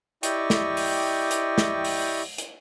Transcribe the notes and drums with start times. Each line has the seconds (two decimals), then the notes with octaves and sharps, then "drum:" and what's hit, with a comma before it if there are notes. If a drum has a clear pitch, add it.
0.23 E4 G4 D5 D#5 G5 C#6, drum: hi-hat
0.50 drum: snare
0.77 drum: open hi-hat
1.31 drum: hi-hat
1.58 drum: snare
1.85 drum: open hi-hat
2.38 drum: hi-hat